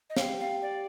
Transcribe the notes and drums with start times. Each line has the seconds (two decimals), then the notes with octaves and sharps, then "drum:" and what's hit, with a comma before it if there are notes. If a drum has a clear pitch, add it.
0.10 D#5
0.16 G3 C4 G4 F5, drum: snare
0.40 F5
0.62 D5